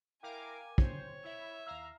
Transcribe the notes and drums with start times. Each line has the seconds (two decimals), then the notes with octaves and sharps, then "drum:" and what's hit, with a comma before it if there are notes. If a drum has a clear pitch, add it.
0.23 E4 A#4 F5 G5 G#5 D6
0.78 C5 C#5, drum: kick
1.24 E4 E5
1.67 D#2 F5 A#5 E6